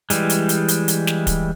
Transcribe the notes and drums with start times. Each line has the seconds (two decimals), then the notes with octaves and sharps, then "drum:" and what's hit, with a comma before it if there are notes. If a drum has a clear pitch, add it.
0.10 E3 G3 G#3, drum: hi-hat
0.30 drum: hi-hat
0.49 drum: hi-hat
0.68 drum: hi-hat
0.88 drum: hi-hat
1.07 drum: snare
1.27 drum: kick, hi-hat